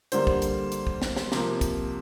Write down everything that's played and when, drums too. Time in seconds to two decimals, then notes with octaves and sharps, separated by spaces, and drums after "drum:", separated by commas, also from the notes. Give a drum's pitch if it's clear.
0.12 D3 G3 A#3 C5, drum: hi-hat
0.27 drum: kick
0.42 drum: hi-hat
0.72 drum: hi-hat
0.87 drum: kick
1.02 drum: snare
1.17 drum: snare
1.32 C3 F3 A#3, drum: snare
1.61 drum: kick, hi-hat